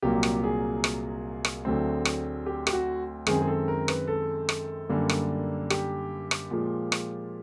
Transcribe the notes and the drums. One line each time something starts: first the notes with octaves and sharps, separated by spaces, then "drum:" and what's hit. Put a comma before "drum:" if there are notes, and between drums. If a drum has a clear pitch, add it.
C2 A#2 F#3 A#3 G4
drum: rim click
G#4
drum: rim click
drum: rim click
D2 D3 F#3 A3 C4
drum: rim click
G4
G4, drum: rim click
F#4
F#2 D#3 G#3 C4 G#4, drum: rim click
G#4
A4
A#4
B4, drum: rim click
A4
drum: rim click
F#2 D3 G3 A#3
drum: rim click
G4, drum: rim click
drum: rim click
A#2 F3 G#3
drum: rim click